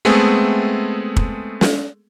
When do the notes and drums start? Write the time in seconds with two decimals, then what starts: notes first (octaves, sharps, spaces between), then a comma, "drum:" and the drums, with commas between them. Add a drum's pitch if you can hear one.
0.05 G#3 A3 B3 C4 G#4 A4
1.16 drum: kick
1.61 drum: snare